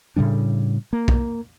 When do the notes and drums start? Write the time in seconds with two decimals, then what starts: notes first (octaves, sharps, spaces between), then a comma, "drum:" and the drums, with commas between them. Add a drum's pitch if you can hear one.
0.16 A2 C#3 G3 D4
0.93 A#3
1.08 drum: kick B1